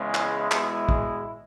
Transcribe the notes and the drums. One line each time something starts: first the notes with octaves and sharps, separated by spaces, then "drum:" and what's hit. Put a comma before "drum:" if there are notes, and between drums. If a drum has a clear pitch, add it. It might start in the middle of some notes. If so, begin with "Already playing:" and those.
Already playing: E2 C#3 G#3
E4, drum: clap
E2 B2 G#3, drum: clap
drum: kick A#1